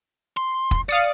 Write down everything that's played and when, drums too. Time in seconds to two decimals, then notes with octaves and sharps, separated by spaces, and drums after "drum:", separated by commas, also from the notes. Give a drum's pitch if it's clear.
0.37 C6
0.71 drum: kick
0.89 D5 F5 D#6 C#7